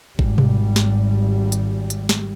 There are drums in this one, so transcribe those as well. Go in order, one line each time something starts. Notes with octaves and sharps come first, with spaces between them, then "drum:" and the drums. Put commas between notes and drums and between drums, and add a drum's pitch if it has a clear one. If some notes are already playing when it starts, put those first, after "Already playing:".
G#1 G3, drum: kick
drum: tom B2
drum: snare
drum: hi-hat
drum: hi-hat
drum: snare